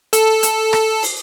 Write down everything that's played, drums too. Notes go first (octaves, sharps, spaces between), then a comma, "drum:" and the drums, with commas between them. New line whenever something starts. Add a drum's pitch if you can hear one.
A4, drum: hi-hat
drum: hi-hat
drum: rim click
drum: open hi-hat